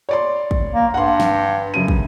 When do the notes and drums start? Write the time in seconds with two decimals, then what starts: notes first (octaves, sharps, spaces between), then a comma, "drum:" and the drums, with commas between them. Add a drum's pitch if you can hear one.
0.09 C#5 D5 C6
0.51 drum: kick
0.74 A#3
0.94 G2 F#5 C6
1.20 drum: snare
1.74 F#2 C#3 D#7
1.88 drum: kick